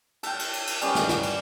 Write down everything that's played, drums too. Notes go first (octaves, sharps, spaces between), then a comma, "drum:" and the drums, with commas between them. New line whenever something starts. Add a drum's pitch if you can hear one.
A4 G5, drum: cymbal
drum: cymbal
drum: cymbal
drum: cymbal
G3 B3 C#4 F#5, drum: cymbal
drum: snare
drum: snare
drum: cymbal